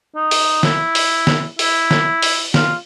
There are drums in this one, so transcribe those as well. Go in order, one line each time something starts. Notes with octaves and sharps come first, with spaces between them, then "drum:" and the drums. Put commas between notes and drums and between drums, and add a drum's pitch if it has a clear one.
D#4
drum: open hi-hat
E4, drum: snare
drum: open hi-hat
drum: snare
E4, drum: open hi-hat
drum: snare
drum: open hi-hat
F4, drum: snare